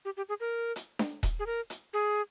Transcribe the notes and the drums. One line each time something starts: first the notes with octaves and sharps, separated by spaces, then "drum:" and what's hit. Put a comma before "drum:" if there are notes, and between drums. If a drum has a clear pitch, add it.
G4
G4
G#4
A#4
drum: hi-hat
drum: snare D4
drum: kick D#1, hi-hat
G#4
A#4
drum: hi-hat
G#4